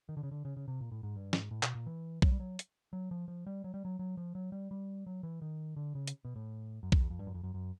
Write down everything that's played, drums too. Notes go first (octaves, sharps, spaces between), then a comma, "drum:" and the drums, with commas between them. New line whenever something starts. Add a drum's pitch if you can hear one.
D#3
D3
C#3
D3
C#3
C#3
C3
A#2
A2
G#2
G2
G#2, drum: snare
A2
B2, drum: clap
A#2
E3
F#3, drum: kick B1
G3
F#3
drum: hi-hat
F#3
F3
F3
G3
F#3
G3
F#3
F#3
F3
F#3
G3
G3
F#3
E3
D#3
D3
C#3
drum: hi-hat
B2
A2
F#2
F2, drum: kick B1
E2
F2
G2
F#2
F2
F#2
F#2